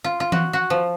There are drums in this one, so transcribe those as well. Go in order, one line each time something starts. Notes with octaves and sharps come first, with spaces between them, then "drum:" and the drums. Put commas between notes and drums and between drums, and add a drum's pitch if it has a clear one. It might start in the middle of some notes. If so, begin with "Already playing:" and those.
F4
F4
F#4, drum: tom E3
F#4
F3